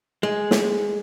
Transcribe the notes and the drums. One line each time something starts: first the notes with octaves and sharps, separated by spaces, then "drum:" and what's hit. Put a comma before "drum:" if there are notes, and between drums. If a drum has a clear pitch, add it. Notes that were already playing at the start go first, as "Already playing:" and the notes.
G#3
drum: snare